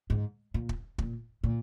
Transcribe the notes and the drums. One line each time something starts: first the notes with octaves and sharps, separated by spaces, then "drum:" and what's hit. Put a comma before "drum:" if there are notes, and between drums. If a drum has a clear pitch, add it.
G#2
A#2
drum: kick
A#2, drum: kick
A#2